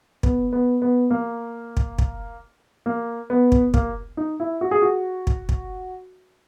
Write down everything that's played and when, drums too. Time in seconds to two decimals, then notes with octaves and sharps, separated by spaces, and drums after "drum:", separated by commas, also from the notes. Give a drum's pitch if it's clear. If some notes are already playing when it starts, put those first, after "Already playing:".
0.23 B3, drum: kick
0.53 B3
0.82 B3
1.11 A#3
1.77 drum: kick
1.99 drum: kick
2.86 A#3
3.30 B3
3.52 drum: kick
3.74 A#3, drum: kick
4.17 D#4
4.40 E4
4.61 F#4
4.71 G#4
4.82 F#4
5.27 drum: kick
5.49 drum: kick